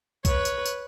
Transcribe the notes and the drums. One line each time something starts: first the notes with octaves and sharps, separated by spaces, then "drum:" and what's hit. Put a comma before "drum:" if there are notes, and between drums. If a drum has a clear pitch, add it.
B4 C#5, drum: kick B1, tambourine
drum: tambourine
drum: tambourine